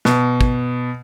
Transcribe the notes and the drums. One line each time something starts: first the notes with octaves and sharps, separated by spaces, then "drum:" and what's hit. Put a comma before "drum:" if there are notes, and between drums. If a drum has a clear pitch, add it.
B2, drum: snare
drum: kick